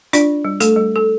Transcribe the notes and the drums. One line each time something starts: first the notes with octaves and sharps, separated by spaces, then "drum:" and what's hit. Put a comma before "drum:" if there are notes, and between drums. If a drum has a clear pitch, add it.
D4 F4 D5, drum: hi-hat
G3
A3 A4, drum: hi-hat
G3
A4